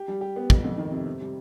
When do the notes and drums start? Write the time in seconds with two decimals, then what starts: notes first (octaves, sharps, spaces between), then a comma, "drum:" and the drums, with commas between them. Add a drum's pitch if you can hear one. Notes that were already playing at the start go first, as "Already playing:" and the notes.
Already playing: G4
0.08 G3
0.21 G4
0.36 B3
0.50 F2, drum: kick
0.64 F2
0.77 D#3
0.92 C3
1.06 C4
1.21 G3